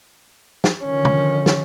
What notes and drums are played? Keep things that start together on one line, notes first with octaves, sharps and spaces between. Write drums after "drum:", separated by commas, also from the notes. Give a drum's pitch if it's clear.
drum: snare
D3 D#3 F3 C#4
drum: tom
drum: snare